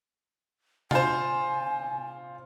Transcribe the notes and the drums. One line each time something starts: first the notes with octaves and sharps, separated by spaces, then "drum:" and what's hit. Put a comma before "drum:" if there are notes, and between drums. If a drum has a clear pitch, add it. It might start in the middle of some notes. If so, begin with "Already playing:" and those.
F4 C5 G#5, drum: tom C3